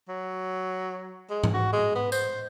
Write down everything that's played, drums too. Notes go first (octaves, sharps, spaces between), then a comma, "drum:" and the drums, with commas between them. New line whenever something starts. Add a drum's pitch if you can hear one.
F#3
G#3
drum: tom G#2
F#4
G#3
B3
C5, drum: tambourine